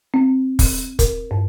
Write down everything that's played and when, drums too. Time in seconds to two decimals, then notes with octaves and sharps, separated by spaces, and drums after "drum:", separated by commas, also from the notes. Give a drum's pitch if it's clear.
0.14 C4
0.59 drum: kick, open hi-hat
0.99 A#4, drum: kick, hi-hat
1.31 G2